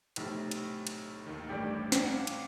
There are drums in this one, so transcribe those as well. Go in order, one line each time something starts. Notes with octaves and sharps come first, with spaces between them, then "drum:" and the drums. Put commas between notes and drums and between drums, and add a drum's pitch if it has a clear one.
B1 A2 C3, drum: cymbal
drum: cymbal
drum: cymbal
D#2 D#3
A1 G2 A3 G4 D5
drum: snare
F5 F#5 A5
drum: cymbal